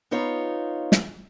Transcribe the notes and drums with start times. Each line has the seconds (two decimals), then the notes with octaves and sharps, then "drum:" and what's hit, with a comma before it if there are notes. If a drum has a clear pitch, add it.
0.11 B3 D#4 F4 C#5
0.92 drum: snare